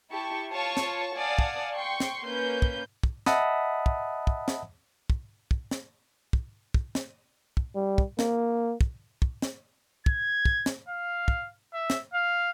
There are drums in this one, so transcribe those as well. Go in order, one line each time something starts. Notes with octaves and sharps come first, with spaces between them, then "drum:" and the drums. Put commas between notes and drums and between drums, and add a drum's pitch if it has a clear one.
E4 G4 A5 C#6
F4 C#5 A5 C#6
drum: snare
D5 F5 F#5 G#5 A5 D#6
drum: kick
G5 C6 C#6
drum: snare
A#3 C#4 B4 G6
drum: kick
drum: kick
D#5 E5 F#5 A5 B5 D#6, drum: snare
drum: kick
drum: kick
drum: snare
drum: kick
drum: kick
drum: snare
drum: kick
drum: kick
drum: snare
drum: kick
G3
drum: kick
A#3, drum: snare
drum: kick
drum: kick
drum: snare
G#6, drum: kick
drum: kick
drum: snare
F5
drum: kick
E5
drum: snare
F5